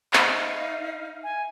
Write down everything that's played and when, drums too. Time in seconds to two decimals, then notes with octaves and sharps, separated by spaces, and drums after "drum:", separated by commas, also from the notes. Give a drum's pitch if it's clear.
0.13 D#4 C5 E5 F5 B5 F6, drum: clap
1.23 G#5